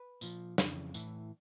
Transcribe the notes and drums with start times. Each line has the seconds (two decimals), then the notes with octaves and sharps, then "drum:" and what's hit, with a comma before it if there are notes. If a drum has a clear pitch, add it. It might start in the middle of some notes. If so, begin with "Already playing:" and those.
Already playing: B4
0.21 A#2 F3, drum: tambourine
0.58 F2 C#3 E3, drum: snare
0.94 A2 E3, drum: tambourine